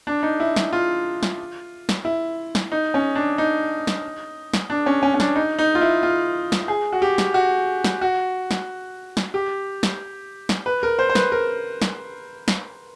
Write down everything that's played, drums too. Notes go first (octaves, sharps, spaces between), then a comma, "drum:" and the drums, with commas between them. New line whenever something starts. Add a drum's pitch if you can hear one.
D4
D#4
E4
drum: snare
F4
drum: snare
drum: snare
E4
drum: snare
D#4
C#4
D4
D#4
drum: snare
drum: snare
D4
C#4
C#4
C#4
D4, drum: snare
D#4
D#4
F4
E4
F4
drum: snare
G#4
F#4
G4
drum: snare
F#4
drum: snare
F#4
drum: snare
drum: snare
G4
drum: snare
drum: snare
B4
A#4
C5
C5
B4, drum: snare
A#4
drum: snare
drum: snare